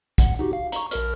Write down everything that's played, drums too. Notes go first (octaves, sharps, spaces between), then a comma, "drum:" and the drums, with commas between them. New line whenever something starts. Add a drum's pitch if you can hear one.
F#5, drum: kick, hi-hat
D#4 F#4 G4
F5
A#5 C#6, drum: hi-hat
A#1 A#4 F6, drum: hi-hat